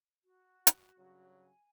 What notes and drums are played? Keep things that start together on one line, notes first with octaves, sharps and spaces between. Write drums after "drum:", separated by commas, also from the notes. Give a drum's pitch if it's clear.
F#4
drum: hi-hat
G2 C#3 F#3
G#5